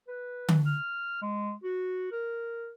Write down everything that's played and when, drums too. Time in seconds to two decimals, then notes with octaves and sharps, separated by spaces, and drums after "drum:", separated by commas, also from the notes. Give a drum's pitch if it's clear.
0.08 B4
0.49 drum: tom D3
0.66 F6
1.22 G#3
1.64 F#4
2.12 A#4